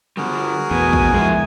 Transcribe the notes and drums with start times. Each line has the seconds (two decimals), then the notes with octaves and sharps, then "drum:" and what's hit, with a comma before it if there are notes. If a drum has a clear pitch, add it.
0.17 D3 G3 F#4 G#4 A#4
0.71 A1 E2 B2 B3 G#5
0.93 drum: kick A1
1.13 F2 D3 G#3 E4